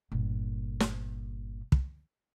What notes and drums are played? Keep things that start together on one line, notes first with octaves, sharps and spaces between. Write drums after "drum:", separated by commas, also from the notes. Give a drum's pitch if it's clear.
G1 A#2
drum: snare
drum: kick